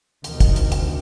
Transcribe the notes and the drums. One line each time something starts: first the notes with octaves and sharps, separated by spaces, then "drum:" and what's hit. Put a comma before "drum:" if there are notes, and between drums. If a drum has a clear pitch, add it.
D2 C3 D#3, drum: hi-hat
drum: kick, hi-hat
drum: hi-hat
drum: hi-hat